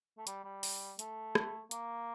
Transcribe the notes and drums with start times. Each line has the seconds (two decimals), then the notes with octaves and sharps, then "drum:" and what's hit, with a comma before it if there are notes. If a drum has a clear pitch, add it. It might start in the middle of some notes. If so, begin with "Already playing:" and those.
0.18 A3
0.27 G3, drum: hi-hat
0.45 G3
0.63 drum: open hi-hat
0.99 A3, drum: hi-hat
1.35 drum: rim click
1.71 A#3, drum: hi-hat